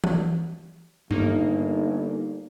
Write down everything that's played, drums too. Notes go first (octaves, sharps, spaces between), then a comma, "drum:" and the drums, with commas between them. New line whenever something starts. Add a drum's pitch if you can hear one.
drum: tom E3
G1 A#3 D#4, drum: tom G2